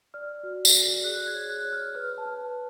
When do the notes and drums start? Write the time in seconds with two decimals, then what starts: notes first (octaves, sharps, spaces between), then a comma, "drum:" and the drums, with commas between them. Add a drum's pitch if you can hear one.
0.14 D5 F6
0.43 F#4
0.65 drum: tambourine
0.74 D5
1.04 G#4 F#6
1.27 G#6
1.34 C#5
1.50 F#6
1.65 C#5
1.73 F6
1.95 B4 F6
2.18 A5
2.25 B4
2.40 A5